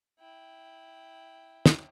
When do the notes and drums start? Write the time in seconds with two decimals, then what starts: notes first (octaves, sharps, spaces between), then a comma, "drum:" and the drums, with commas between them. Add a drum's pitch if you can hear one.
0.19 E4 G5
1.66 drum: snare